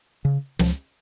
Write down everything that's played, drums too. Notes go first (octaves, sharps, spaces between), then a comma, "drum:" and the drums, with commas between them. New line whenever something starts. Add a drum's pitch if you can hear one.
C#3
C#2 F3, drum: snare